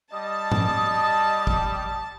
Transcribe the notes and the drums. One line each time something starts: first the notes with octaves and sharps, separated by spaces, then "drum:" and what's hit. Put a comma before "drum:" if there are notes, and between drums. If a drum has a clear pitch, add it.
G3 D#5 A5 D#6
drum: tom G#2
drum: kick